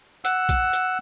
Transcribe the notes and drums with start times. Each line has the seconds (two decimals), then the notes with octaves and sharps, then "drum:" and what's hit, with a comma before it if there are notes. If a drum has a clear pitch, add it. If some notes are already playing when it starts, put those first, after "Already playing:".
0.25 F#5 E6, drum: hi-hat
0.49 drum: kick A#1, hi-hat
0.73 drum: hi-hat